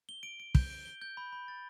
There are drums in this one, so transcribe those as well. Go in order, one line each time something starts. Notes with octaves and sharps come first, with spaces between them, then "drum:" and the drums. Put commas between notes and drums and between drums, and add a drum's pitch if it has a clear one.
G7
D7
D7
G6, drum: kick
D7
G7
G6
B5
B5
A6